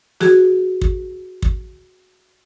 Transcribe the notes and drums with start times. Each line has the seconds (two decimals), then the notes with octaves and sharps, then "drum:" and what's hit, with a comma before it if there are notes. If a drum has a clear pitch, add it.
0.21 F#4 G#4, drum: snare
0.81 drum: kick
1.42 drum: kick